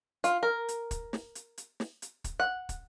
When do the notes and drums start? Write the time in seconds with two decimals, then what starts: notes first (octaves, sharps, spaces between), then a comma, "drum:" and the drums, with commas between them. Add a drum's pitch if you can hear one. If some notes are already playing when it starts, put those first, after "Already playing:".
0.24 F4, drum: hi-hat
0.43 A#4
0.68 drum: hi-hat
0.91 drum: kick, hi-hat
1.13 drum: snare
1.35 drum: hi-hat
1.58 drum: hi-hat
1.80 drum: snare
2.02 drum: hi-hat
2.24 drum: kick, hi-hat
2.40 F#5
2.69 drum: kick, hi-hat